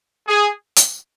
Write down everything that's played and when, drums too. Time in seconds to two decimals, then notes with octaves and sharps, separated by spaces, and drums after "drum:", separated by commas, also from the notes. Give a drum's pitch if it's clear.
0.27 G#4
0.76 drum: hi-hat